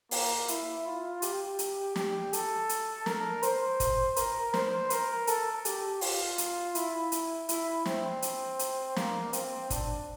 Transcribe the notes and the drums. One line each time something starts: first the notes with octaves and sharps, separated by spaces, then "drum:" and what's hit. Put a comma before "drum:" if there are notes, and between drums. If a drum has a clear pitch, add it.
A#3, drum: open hi-hat
E4, drum: hi-hat
F4
G4, drum: hi-hat
drum: hi-hat
G4, drum: snare
A4, drum: hi-hat
drum: hi-hat
A#4, drum: snare
C5, drum: hi-hat
drum: kick, hi-hat
A#4, drum: hi-hat
C5, drum: snare
A#4, drum: hi-hat
A4, drum: hi-hat
G4, drum: hi-hat
F4, drum: open hi-hat
drum: hi-hat
E4, drum: hi-hat
drum: hi-hat
E4, drum: hi-hat
C4, drum: snare
drum: hi-hat
drum: hi-hat
A#3, drum: snare
C4, drum: hi-hat
D4, drum: kick, hi-hat